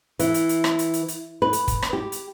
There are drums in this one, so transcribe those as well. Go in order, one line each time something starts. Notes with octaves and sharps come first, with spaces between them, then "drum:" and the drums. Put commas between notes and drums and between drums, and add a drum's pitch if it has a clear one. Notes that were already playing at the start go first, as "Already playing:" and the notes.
E3, drum: hi-hat
drum: hi-hat
drum: hi-hat
drum: rim click
drum: hi-hat
drum: hi-hat
drum: hi-hat
B4
drum: hi-hat
drum: kick, hi-hat
drum: rim click
G4
drum: hi-hat